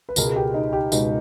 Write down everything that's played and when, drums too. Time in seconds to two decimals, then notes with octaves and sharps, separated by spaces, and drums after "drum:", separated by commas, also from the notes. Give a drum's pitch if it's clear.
0.09 B4
0.16 C#2 B2 G#3 A#4, drum: tambourine
0.27 G#4
0.36 G4
0.54 D#4
0.73 G4
0.92 C#2 B2 G#3 D#4, drum: tambourine